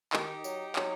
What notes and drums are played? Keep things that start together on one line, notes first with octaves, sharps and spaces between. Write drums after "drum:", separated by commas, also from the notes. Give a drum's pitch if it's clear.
D#3 D#4 G4, drum: clap
F#3, drum: tambourine
F#3, drum: clap